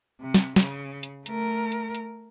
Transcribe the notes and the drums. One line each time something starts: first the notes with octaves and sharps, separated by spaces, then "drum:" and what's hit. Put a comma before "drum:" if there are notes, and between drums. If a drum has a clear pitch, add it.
C3
drum: snare
C#3, drum: snare
drum: hi-hat
A3 A#4, drum: hi-hat
drum: hi-hat
drum: hi-hat